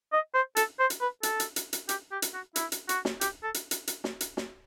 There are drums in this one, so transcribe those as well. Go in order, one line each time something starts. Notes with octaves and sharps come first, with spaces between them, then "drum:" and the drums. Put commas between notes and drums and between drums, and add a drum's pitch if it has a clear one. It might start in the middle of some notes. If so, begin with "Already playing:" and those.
D#5
C5
A4, drum: hi-hat
C5
drum: hi-hat
B4
A4, drum: hi-hat
drum: hi-hat
drum: hi-hat
drum: hi-hat
G4, drum: hi-hat
G4
drum: hi-hat
F#4
E4, drum: hi-hat
drum: hi-hat
F#4, drum: hi-hat
drum: snare
G4, drum: hi-hat
A4
drum: hi-hat
drum: hi-hat
drum: hi-hat
drum: snare
drum: hi-hat
drum: snare